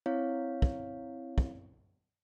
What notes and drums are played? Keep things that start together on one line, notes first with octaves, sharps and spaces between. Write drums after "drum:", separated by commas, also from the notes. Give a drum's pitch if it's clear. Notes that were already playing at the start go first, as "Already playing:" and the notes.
C4 E4 C#5 F5
drum: kick
drum: kick